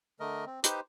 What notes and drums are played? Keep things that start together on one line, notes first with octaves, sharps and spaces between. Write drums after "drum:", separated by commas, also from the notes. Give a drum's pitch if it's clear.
D3 A3 A#4 D#5
C4
D#4 G4 B4 C5, drum: hi-hat